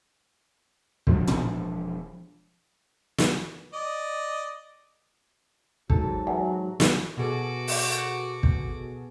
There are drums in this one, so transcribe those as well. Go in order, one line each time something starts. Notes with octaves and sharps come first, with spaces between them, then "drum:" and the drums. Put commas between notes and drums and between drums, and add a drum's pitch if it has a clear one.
E1 F3 D4, drum: kick
drum: tom
drum: snare
D5 D#5
G#2 F#3 A4, drum: kick
E2 F#3
drum: snare
B2 F#4 G#4 A4 D6
drum: open hi-hat
drum: kick